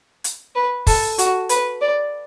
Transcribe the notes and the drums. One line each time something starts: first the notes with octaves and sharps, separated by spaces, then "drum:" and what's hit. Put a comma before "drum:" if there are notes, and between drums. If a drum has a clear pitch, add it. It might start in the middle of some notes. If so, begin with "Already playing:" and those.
drum: hi-hat
B4
A4, drum: kick, open hi-hat
F#4, drum: hi-hat
B4, drum: hi-hat
D5